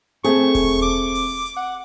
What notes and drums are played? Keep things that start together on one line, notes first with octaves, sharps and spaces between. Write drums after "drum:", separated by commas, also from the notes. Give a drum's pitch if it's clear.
A3 C4 G#4 C#6, drum: hi-hat
drum: kick E1, open hi-hat
D6
drum: open hi-hat
drum: hi-hat
F#5